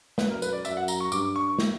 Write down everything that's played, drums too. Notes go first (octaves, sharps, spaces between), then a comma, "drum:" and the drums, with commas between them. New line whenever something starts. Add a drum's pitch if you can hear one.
F#2 B4, drum: snare
A#4
B4, drum: tambourine
D5
F#2 E5, drum: tambourine
F#5
A#5, drum: tambourine
C#6
G2 D6, drum: tambourine
C#6
drum: snare